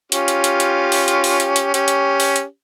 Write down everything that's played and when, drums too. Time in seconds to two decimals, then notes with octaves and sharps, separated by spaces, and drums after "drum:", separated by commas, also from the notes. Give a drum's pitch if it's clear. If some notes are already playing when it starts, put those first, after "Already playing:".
0.12 C#4 F4 G4, drum: hi-hat
0.28 drum: hi-hat
0.44 drum: hi-hat
0.60 drum: hi-hat
0.92 drum: open hi-hat
1.08 drum: hi-hat
1.24 drum: open hi-hat
1.40 drum: hi-hat
1.56 drum: hi-hat
1.74 C#4 G4, drum: hi-hat
1.88 drum: hi-hat
2.20 drum: open hi-hat
2.36 drum: hi-hat